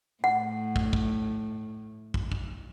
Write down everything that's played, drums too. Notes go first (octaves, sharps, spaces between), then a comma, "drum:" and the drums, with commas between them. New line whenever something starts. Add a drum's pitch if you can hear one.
A2 F#5
drum: kick
drum: kick
drum: kick
drum: kick